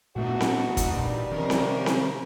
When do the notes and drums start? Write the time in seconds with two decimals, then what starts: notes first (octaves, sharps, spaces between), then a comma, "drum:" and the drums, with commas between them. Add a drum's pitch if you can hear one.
0.16 A#2 E3 A3 B3 D4 D#4 F#4
0.40 drum: snare C4
0.77 drum: kick, hi-hat
0.93 A#2 G3
1.32 C3 D#3 F3 C#4 A#4
1.50 drum: snare C4
1.86 drum: snare C4